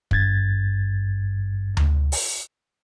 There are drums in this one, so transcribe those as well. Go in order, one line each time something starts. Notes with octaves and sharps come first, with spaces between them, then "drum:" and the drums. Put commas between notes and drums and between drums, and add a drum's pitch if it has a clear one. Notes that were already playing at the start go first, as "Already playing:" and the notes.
G#1 G2 G#6 A6, drum: kick
drum: tom D2
drum: open hi-hat